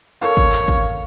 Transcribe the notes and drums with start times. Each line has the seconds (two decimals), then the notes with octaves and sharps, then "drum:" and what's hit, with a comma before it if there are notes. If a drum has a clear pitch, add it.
0.21 A4 A#4 C#5 F5
0.37 drum: kick
0.53 drum: clap
0.68 drum: kick